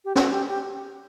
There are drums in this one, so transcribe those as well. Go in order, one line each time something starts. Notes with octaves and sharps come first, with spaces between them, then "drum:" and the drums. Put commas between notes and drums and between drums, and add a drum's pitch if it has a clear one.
G4
F#4, drum: snare
G4
G4